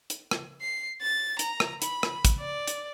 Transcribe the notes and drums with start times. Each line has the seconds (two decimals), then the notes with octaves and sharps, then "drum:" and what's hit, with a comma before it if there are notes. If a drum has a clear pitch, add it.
0.10 drum: hi-hat
0.31 drum: rim click
0.61 C7
1.02 A6
1.39 A#5, drum: hi-hat
1.60 drum: rim click
1.82 B5, drum: hi-hat
2.03 drum: rim click
2.25 drum: kick, hi-hat
2.39 D5
2.68 drum: hi-hat